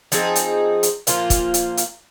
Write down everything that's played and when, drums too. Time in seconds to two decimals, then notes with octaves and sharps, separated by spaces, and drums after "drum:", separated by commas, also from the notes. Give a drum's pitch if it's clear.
0.12 F3 C4 D#4 G#4, drum: hi-hat
0.36 drum: hi-hat
0.83 drum: hi-hat
1.07 A#2 F3 A#3 F4, drum: hi-hat
1.30 drum: kick, hi-hat
1.54 drum: hi-hat
1.77 drum: hi-hat